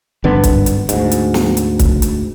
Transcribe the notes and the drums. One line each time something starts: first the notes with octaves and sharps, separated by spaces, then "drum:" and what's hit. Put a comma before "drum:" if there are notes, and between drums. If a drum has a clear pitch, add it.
G#1 G2 D3 B3
drum: kick, hi-hat
drum: hi-hat
D2 G#2, drum: hi-hat
drum: hi-hat
drum: snare
drum: hi-hat
drum: kick, hi-hat
drum: hi-hat